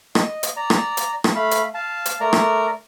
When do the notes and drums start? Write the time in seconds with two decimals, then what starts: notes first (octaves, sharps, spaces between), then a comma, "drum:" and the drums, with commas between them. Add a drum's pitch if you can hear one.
0.15 D#5, drum: rim click
0.43 drum: hi-hat
0.56 D5 A#5
0.70 drum: rim click
0.97 drum: hi-hat
1.24 drum: rim click
1.35 A3 F5 B5
1.51 drum: hi-hat
1.74 F5 A5
2.06 drum: hi-hat
2.20 A3 A#4 D5 A#5
2.33 drum: rim click